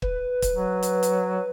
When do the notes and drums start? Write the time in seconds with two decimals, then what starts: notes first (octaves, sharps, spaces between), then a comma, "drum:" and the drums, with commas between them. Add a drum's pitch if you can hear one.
0.02 B4, drum: kick
0.42 drum: kick, hi-hat
0.55 F#3
0.83 drum: hi-hat
1.03 drum: hi-hat